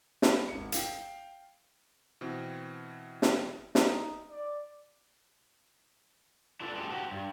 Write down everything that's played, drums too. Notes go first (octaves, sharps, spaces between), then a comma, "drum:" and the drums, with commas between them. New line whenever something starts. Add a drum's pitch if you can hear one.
B5, drum: snare
G#1 C#7
F5 G5, drum: hi-hat
B2 E3 C4
drum: snare
D#4, drum: snare
D5
D4 F4 A4 B4 D5
F#2 G#3 G4 A5
F#4 G4 C5
G2